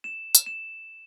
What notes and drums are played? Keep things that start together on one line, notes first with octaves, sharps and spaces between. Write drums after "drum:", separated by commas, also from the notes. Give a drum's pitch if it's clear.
E7
drum: hi-hat
E7